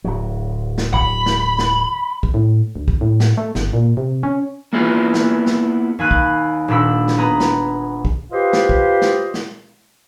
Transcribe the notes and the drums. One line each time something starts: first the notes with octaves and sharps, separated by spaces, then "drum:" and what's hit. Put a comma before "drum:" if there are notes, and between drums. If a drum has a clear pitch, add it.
D1 F#3
drum: snare
B5, drum: kick B1
drum: snare
drum: snare
drum: kick B1
A2
D2
drum: kick B1
A2
drum: snare
A3
G1, drum: snare
A#2
C3
C#4
A#3 B3 E4 F4 G#4
drum: snare
drum: snare
D#2 G#5 B5 F#6 D#7
drum: kick B1
D#1 A#2 D4 B5 E6
drum: snare
B3 G#4 A#5 B5
drum: snare
drum: kick B1
F4 G4 B4 C5 D#5 F5
drum: snare
drum: kick B1
drum: snare
drum: snare